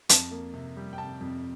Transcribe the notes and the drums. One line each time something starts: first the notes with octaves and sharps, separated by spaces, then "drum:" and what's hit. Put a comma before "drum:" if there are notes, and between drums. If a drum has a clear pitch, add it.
F2 A5, drum: hi-hat
A#3
C3
G3
G5
C3 A5
F2